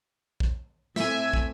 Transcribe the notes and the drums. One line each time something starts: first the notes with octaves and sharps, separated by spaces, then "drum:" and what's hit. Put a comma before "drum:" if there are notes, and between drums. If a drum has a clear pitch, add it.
drum: kick
A2 A3 C4 E5 G#5, drum: snare
drum: kick